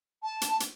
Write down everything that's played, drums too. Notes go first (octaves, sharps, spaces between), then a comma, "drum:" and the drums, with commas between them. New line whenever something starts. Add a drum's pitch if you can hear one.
A5
drum: hi-hat
drum: hi-hat